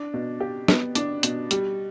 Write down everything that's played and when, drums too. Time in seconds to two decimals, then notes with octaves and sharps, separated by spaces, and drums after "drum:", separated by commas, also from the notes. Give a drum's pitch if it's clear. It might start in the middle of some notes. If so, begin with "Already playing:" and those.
Already playing: D4
0.14 B2
0.40 G4
0.68 B3, drum: snare
0.95 D4, drum: hi-hat
1.23 B2, drum: hi-hat
1.51 G3, drum: hi-hat